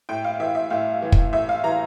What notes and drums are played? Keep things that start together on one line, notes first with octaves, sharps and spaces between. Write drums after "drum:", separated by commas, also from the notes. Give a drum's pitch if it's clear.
A2 G5
F5
E3 E5
E5
A2 F5
E3
drum: kick
A2 E5
F5
E3 A#5